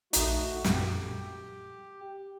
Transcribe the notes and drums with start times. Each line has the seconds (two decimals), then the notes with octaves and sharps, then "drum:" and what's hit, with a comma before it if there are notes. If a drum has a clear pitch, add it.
0.13 A#1 A3 D#4 F#4, drum: hi-hat
0.64 F#2 A#2 F3 G4, drum: snare